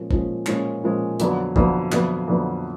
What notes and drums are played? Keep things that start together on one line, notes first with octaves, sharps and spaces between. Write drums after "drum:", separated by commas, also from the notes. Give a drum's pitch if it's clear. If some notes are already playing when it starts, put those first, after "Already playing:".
Already playing: A#2 F3 G#3 C#4
A#2 F3 G#3 C#4, drum: kick
A#2 F3 G#3 C#4, drum: clap
A#2 F3 G#3 C#4
F2 D3 F#3 B3, drum: hi-hat
F2 D3 F#3 B3, drum: kick
F2 D3 F#3 B3, drum: clap
F2 D3 F#3 B3